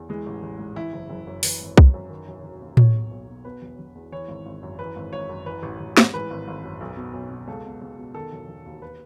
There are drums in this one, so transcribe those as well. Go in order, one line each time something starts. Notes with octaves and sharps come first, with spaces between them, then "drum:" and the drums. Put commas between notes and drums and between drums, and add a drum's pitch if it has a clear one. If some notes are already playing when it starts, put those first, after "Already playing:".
Already playing: E2
E3 G#3
A1
A1
G#2
E3 E4
F#1
F#1
F#2
E3 B4, drum: open hi-hat
G#1
G#1, drum: kick C2
F#2
D#3
E1
E1
D#2
B1 C#5, drum: tom A2
B2
B1
B2
B2 B4
E1
E1
E2
E3 C#5
G#1
G#1
F#2
E3 B4
G#1
G#1 C#5
F#2
E3 B4
A1
A1
G#2, drum: snare
E3 B4
G#1
G#1
F#2
B1
B2
B1
B2
C#2 A4
B2
C#2
B2
D#3 A4
E1
E1
D#2
B4